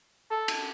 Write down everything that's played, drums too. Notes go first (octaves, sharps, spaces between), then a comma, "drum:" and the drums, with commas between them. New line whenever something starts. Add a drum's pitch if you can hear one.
A4
drum: cymbal